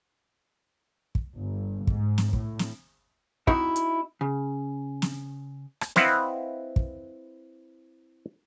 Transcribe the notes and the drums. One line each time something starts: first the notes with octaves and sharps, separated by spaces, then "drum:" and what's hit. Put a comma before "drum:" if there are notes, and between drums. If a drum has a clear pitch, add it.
drum: kick
G1
G#2, drum: kick
drum: snare
A2, drum: kick
drum: snare
C4 D#4 E4 F#4 E5, drum: kick
drum: hi-hat
C#3
drum: snare
drum: rim click
C4 E4 B4 D#5 F5 F#5, drum: snare
drum: kick